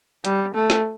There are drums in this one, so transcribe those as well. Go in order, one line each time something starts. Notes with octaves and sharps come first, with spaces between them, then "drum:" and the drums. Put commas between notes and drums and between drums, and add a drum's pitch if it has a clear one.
G3, drum: hi-hat
A3
drum: snare